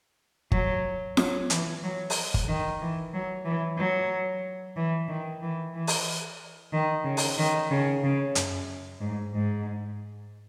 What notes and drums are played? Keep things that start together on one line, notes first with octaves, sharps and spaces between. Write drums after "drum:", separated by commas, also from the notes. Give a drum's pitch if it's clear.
F#3, drum: kick G1
F#3, drum: snare F4
E3, drum: hi-hat
F#3
drum: open hi-hat
drum: kick G1
D#3
E3
F#3
E3
F#3
E3
D#3
E3
E3
drum: open hi-hat
D#3
C#3
drum: open hi-hat
D#3
C#3
C#3
F#2, drum: hi-hat
G#2
G#2